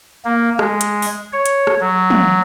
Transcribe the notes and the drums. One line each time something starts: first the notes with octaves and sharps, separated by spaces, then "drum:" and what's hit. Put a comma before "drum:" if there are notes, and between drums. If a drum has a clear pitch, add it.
A#3
G#3, drum: rim click
drum: hi-hat
drum: open hi-hat
C#5
drum: hi-hat
drum: rim click
F#3
drum: tom